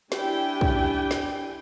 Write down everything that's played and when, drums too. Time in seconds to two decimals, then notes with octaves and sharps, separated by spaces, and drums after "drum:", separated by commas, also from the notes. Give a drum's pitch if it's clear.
0.12 D4 E4 G4 G5 G#5, drum: snare
0.61 drum: kick
1.11 drum: snare